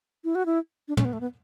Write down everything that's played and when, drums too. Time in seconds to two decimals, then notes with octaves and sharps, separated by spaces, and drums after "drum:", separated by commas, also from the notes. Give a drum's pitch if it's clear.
0.24 E4
0.35 F#4
0.46 E4
0.88 D4
0.97 C#4, drum: tom
1.05 B3
1.13 A3
1.21 B3